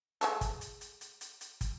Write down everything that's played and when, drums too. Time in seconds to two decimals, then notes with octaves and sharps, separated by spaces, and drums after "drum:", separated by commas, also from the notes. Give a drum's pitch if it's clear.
0.21 G#3 A3 A4, drum: hi-hat
0.41 drum: kick, hi-hat
0.61 drum: hi-hat
0.81 drum: hi-hat
1.01 drum: hi-hat
1.21 drum: hi-hat
1.41 drum: hi-hat
1.61 drum: kick, hi-hat